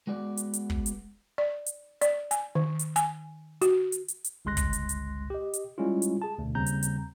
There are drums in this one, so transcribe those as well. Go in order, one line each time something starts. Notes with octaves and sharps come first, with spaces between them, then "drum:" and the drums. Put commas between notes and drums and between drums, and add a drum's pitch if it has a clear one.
G#3 B3 F#4 D5
drum: hi-hat
drum: hi-hat
drum: kick
drum: hi-hat
D5
drum: hi-hat
D5, drum: hi-hat
G#5, drum: hi-hat
D#3
drum: hi-hat
G#5, drum: hi-hat
F#4, drum: hi-hat
drum: hi-hat
drum: hi-hat
drum: hi-hat
G1 C#2 G#3 C6 F#6 A#6
drum: kick, hi-hat
drum: hi-hat
drum: hi-hat
G4 D#5
drum: hi-hat
G3 G#3 C#4 E4 F4
drum: hi-hat
G#4 A5
D2 B2
D#2 C#3 G3 C4 A#5 G6
drum: hi-hat
drum: hi-hat